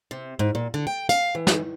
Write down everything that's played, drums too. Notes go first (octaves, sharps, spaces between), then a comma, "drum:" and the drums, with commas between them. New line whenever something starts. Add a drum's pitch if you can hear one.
C3
G#2
A#2
D3
G5
F5, drum: hi-hat
E3
drum: snare